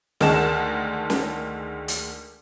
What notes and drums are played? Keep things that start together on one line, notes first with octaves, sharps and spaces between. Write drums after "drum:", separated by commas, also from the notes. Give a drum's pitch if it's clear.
D2 D#3 G#3 A5 E7, drum: snare
drum: snare
drum: hi-hat